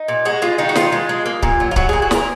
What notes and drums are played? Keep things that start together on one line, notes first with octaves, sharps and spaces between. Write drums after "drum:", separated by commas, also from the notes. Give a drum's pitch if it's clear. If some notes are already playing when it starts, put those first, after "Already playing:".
Already playing: D#4
A#2
G#3 F#4
G#3 F4
D#3 D#4
F#4
D#3 F4, drum: snare
G#3
G#3
A#3
A#2, drum: kick C#1
F#3
F4
F#3 F#4, drum: kick C#1
A#2 G#4
F#4
A#2 A#4, drum: snare